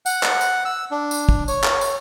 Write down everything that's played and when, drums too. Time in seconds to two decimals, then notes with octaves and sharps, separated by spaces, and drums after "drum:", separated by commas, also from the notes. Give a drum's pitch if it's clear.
0.06 F#5, drum: tambourine
0.23 drum: clap
0.41 drum: tambourine
0.65 E6
0.91 D4
1.11 drum: tambourine
1.29 drum: kick
1.48 C#5, drum: tambourine
1.64 drum: clap
1.81 drum: tambourine